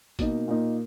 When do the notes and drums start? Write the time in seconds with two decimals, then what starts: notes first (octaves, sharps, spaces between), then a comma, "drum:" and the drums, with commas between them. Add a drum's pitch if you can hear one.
0.19 B2 A#3 D#4, drum: kick, hi-hat
0.48 A#2 A#3 D#4